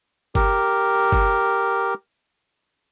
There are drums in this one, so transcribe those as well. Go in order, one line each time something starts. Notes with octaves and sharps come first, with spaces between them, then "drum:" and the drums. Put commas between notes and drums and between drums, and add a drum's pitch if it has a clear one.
G4 A#4, drum: kick
drum: kick